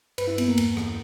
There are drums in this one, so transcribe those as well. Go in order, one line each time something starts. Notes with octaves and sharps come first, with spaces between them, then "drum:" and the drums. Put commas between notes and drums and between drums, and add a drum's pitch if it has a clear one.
G2 B4, drum: cymbal
E4
G2 B3, drum: cymbal
A#3
E2, drum: cymbal
E3, drum: rim click